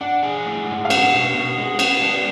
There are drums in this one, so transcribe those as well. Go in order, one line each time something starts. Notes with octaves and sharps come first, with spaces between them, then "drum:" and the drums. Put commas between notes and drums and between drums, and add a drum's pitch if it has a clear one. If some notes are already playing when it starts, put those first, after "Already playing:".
D4 F#5
G#4
A2
G#3
F5
B3 F#5, drum: cymbal
B2
B2
G#3
B3, drum: cymbal
D4